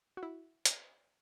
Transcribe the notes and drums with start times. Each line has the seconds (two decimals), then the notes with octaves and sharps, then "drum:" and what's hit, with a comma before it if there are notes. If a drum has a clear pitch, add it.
0.17 F#4
0.23 E4
0.65 drum: hi-hat